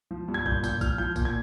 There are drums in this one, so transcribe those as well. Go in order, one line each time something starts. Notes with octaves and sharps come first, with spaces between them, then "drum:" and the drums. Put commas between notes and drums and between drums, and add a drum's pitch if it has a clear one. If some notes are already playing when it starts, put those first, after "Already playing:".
F3
G2
G#6
A#2 G6, drum: kick
A#2 G6, drum: tambourine
F3 F6, drum: kick, tambourine
F3 G6, drum: tom A2
A#2, drum: kick, tambourine
G#6